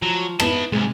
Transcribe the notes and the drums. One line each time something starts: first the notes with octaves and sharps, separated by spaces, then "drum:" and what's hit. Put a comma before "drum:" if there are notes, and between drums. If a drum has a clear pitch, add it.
F3 F#3
G#2 B3 D#4 E4 A5, drum: rim click
B1 G#2 C3 G#3